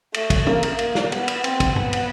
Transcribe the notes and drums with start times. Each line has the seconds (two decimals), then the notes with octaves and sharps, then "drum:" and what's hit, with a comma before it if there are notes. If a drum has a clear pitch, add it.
0.14 A3, drum: cymbal
0.30 drum: kick, cymbal
0.47 A#3, drum: tom
0.63 drum: cymbal
0.79 A#3, drum: cymbal
0.95 drum: snare
1.12 B3, drum: cymbal
1.28 drum: cymbal
1.44 C4, drum: cymbal
1.60 drum: kick, cymbal
1.76 B3, drum: tom G2
1.93 drum: cymbal